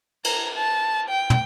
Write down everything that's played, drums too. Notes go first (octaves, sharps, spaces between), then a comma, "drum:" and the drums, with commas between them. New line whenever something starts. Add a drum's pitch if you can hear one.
A#5, drum: cymbal
A5
G5
drum: tom